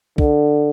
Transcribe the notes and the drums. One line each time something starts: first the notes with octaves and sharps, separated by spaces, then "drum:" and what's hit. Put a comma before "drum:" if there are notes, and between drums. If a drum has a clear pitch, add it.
D3, drum: kick B1